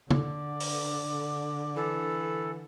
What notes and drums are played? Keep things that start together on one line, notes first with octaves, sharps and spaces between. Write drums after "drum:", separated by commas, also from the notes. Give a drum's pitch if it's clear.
D3 D5, drum: tom
drum: open hi-hat
E3 A4